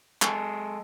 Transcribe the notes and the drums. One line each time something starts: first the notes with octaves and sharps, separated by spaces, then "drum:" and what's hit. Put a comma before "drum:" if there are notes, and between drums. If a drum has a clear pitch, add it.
G#3 G#4 A4, drum: clap